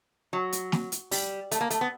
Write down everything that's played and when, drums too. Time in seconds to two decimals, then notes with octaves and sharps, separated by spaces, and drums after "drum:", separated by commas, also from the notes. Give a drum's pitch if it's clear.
0.33 F#3
0.52 drum: hi-hat
0.72 drum: snare
0.92 drum: hi-hat
1.11 G3, drum: open hi-hat
1.51 A3, drum: hi-hat
1.61 A#3
1.70 A3, drum: hi-hat
1.81 B3